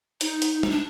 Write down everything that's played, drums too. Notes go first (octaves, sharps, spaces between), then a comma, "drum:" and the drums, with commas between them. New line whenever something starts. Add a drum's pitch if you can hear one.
D#4, drum: hi-hat
drum: hi-hat
D#4, drum: tom
D4